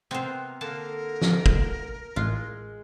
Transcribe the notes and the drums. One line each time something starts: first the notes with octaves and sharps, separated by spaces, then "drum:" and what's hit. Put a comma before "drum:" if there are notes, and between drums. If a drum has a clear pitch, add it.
C3 B3 C4 A#4 C5
D3 A#3 A#4 A5
drum: snare
drum: kick
A1 G#3 F4